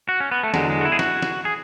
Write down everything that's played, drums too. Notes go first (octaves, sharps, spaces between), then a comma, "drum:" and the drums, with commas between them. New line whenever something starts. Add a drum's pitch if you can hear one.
F#4
C#4
B3
A3
E2 D3 F#3 G#3, drum: snare
G#3
F#4
E4
G#4
F#4, drum: snare
drum: snare
G#4